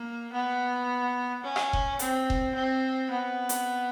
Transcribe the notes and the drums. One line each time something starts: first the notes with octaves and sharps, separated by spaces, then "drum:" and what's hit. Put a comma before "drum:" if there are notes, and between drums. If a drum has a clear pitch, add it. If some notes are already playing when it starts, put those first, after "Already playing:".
Already playing: A#3
B3
C#4
drum: rim click
drum: kick F1
C4, drum: hi-hat
drum: kick F1
C4
B3
drum: hi-hat